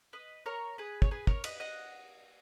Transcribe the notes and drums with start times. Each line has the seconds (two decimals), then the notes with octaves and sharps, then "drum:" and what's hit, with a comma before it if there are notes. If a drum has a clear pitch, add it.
0.13 B4 D#5
0.46 A#4 C#5
0.78 G#4 B4
1.02 C#5, drum: kick
1.11 G#4 B4
1.27 A#4 C#5, drum: kick
1.44 B4 D#5, drum: cymbal
1.60 D#5 F#5